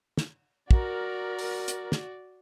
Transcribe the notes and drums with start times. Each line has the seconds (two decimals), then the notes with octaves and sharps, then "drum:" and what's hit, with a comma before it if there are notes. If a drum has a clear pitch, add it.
0.17 drum: snare
0.71 F#4 A#4 D5, drum: kick
1.39 drum: open hi-hat
1.68 drum: hi-hat
1.92 drum: snare